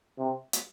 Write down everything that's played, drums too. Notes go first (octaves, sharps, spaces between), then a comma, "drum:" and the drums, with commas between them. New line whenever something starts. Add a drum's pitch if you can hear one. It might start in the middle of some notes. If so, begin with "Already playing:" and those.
C3
drum: hi-hat